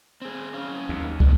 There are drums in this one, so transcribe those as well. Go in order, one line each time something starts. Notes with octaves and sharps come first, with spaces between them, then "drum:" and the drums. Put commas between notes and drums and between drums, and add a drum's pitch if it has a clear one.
C4 G#4
F#2 C#4 F5
D#2
B3 D4, drum: kick